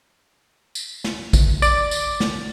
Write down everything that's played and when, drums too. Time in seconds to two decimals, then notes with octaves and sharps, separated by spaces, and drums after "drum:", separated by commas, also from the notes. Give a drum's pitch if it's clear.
0.75 drum: tambourine
1.04 drum: snare
1.33 drum: kick A#1, tambourine
1.62 D5, drum: tambourine
1.91 drum: tambourine
2.20 drum: snare